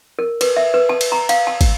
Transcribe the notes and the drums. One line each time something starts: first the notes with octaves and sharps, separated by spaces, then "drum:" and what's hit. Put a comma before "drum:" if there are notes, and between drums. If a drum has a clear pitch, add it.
A#4
B4, drum: cymbal
E5
B4
A5
drum: cymbal
A#5
F5, drum: cymbal
A5
drum: kick, cymbal